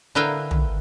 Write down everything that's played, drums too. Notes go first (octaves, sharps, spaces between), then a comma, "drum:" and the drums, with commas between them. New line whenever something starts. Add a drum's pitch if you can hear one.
D3 E4 A#4 B4 F5 G5
drum: tom